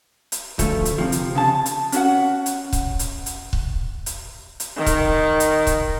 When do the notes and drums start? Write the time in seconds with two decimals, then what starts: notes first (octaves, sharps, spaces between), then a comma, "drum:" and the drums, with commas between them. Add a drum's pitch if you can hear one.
0.32 drum: hi-hat
0.59 D2 F3 A3, drum: kick C#1, hi-hat
0.85 drum: hi-hat
0.98 C3 F3
1.12 drum: hi-hat
1.35 C#3 A5
1.66 drum: hi-hat
1.92 C#4 F#4 F#5, drum: hi-hat
2.46 drum: hi-hat
2.73 drum: kick C#1, hi-hat
2.99 drum: hi-hat
3.26 drum: hi-hat
3.53 drum: kick C#1
4.06 drum: hi-hat
4.60 drum: hi-hat
4.77 D#3
4.86 drum: kick C#1, hi-hat
5.40 drum: hi-hat
5.67 drum: kick C#1, hi-hat